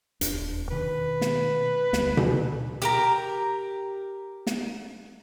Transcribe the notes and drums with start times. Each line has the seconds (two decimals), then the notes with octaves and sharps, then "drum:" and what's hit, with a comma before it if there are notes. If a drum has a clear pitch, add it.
0.21 D#1 E2 D4, drum: hi-hat
0.71 B2 D#3 B4
1.21 drum: snare
1.93 D2 G3, drum: snare
2.17 drum: tom B2
2.82 G4 A#4 A#5
4.47 drum: snare